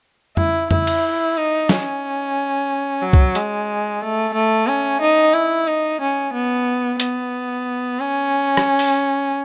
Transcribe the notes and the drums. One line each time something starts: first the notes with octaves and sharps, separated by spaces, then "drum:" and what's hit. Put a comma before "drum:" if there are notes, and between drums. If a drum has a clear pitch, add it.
E4, drum: tom F2
E4, drum: tom F2
drum: cymbal
D#4
C#4, drum: snare
F#3
drum: kick
G#3, drum: hi-hat
A3
A3
C#4
D#4
E4
D#4
C#4
B3
B3, drum: hi-hat
C#4
drum: rim click
drum: open hi-hat